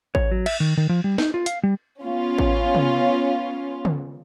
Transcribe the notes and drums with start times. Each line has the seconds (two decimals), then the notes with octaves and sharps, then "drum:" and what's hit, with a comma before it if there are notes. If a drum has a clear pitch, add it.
0.15 C#5, drum: kick A1
0.31 F#3
0.46 E5, drum: cymbal
0.60 D#3
0.77 D#3
0.89 F3
1.04 G3
1.18 D#4, drum: snare
1.34 F4
1.46 F5, drum: hi-hat
1.63 G3
2.03 B3 C#4 F4
2.38 drum: kick A1
2.75 drum: tom C3
3.85 drum: tom C#3